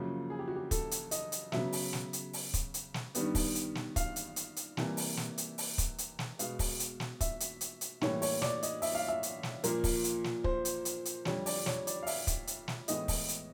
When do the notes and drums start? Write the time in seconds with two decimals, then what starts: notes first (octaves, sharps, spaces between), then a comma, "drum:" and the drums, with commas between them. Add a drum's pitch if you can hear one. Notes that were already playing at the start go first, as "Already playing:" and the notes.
Already playing: F#2 C#3 F3 A#3 F#4
0.30 G#4
0.39 G4
0.48 F#4
0.56 G4
0.71 A4, drum: kick, hi-hat
0.91 drum: hi-hat
1.11 D#5, drum: hi-hat
1.32 drum: hi-hat
1.52 C#3 F#3 B3 E5, drum: snare
1.73 drum: open hi-hat
1.93 drum: snare
2.13 drum: hi-hat
2.33 drum: open hi-hat
2.54 drum: kick, hi-hat
2.74 drum: hi-hat
2.94 drum: snare
3.15 G2 D#3 G3 B3, drum: hi-hat
3.35 drum: kick, open hi-hat
3.55 drum: hi-hat
3.75 drum: snare
3.96 F5, drum: kick, hi-hat
4.16 drum: hi-hat
4.36 drum: hi-hat
4.56 drum: hi-hat
4.77 C3 E3 G3 A#3, drum: snare
4.97 drum: open hi-hat
5.17 drum: snare
5.38 drum: hi-hat
5.58 drum: open hi-hat
5.78 drum: kick, hi-hat
5.98 drum: hi-hat
6.19 drum: snare
6.39 B2 G#3 B3 F5, drum: hi-hat
6.59 drum: kick, open hi-hat
6.80 drum: hi-hat
7.00 drum: snare
7.21 E5, drum: kick, hi-hat
7.40 drum: hi-hat
7.61 drum: hi-hat
7.81 drum: hi-hat
8.01 A2 E3 G3 A#3 C#5, drum: snare
8.22 C#5, drum: open hi-hat
8.42 D5, drum: snare
8.63 D#5, drum: hi-hat
8.82 E5, drum: open hi-hat
8.95 F5
9.08 E5
9.23 drum: hi-hat
9.43 drum: snare
9.64 A#2 F3 A#3 A#4, drum: hi-hat
9.84 drum: kick, open hi-hat
10.04 drum: hi-hat
10.24 drum: snare
10.44 C5, drum: kick
10.65 drum: hi-hat
10.85 drum: hi-hat
11.05 drum: hi-hat
11.25 F2 D3 G3 C#5, drum: snare
11.46 D5, drum: open hi-hat
11.66 C#5, drum: snare
11.87 D5, drum: hi-hat
12.03 F5
12.07 E5, drum: open hi-hat
12.27 drum: kick, hi-hat
12.47 drum: hi-hat
12.68 drum: snare
12.88 A2 E3 G#3 B3 D#5, drum: hi-hat
13.08 drum: kick, open hi-hat
13.29 drum: hi-hat